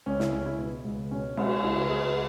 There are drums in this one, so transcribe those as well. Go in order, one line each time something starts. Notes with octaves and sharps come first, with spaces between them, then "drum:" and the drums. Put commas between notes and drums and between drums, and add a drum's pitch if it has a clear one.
C#2 C#4
E4, drum: snare
C#2 C#4
E4
B2 B3
C#2
B2 C#4
G#3, drum: cymbal
C#2 E4
B4
C#2 G#4
B4